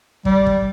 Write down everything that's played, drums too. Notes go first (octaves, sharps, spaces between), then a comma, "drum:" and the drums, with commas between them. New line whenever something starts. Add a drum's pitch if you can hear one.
G3, drum: kick
drum: kick